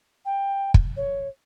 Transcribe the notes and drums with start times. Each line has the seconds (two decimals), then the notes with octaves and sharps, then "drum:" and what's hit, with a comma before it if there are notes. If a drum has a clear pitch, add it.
0.25 G5
0.74 drum: kick
0.96 C#5